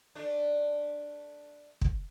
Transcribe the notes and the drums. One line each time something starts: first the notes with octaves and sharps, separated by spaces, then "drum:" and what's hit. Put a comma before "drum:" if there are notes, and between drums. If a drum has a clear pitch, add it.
A3 D4
drum: kick